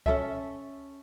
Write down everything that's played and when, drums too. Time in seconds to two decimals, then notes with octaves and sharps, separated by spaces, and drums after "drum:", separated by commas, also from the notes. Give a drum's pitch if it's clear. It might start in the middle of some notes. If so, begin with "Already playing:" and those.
0.06 C#4 F4 A4 E5, drum: kick C#2